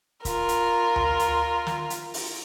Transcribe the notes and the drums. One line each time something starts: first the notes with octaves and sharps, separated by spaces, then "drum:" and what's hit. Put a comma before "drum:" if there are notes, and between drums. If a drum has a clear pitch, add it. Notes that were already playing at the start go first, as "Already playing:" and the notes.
F4 A#4, drum: kick C#1, hi-hat
drum: hi-hat
drum: tom D2
drum: hi-hat
drum: snare
drum: hi-hat
drum: open hi-hat